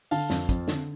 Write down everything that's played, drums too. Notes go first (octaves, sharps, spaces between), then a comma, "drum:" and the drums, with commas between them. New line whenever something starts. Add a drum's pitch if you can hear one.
D3 F5 A5, drum: open hi-hat
F2, drum: snare
F2, drum: kick, hi-hat
D3, drum: snare